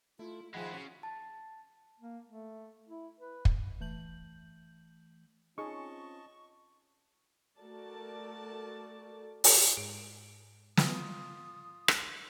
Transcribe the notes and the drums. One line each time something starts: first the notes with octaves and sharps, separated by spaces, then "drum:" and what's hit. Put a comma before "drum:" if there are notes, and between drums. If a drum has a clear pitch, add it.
A3 E4 F4
D#3 F3 G#3 E4 G#4 F#5 B5
C#3 F#4
A5
A#3
A3
E4
B4
drum: kick
E3 A3 G6 F#7
C4 C#4 D#4 F4 G#4 D#5 A5 C#6
A3 F#4 A4 A#4 D5 A5
drum: open hi-hat
G#2 D7
F4 D#6, drum: snare
drum: rim click